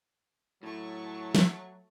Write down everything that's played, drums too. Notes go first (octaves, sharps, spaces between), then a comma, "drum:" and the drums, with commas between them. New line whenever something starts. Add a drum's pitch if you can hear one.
A2 F#3 A3 C#6
drum: snare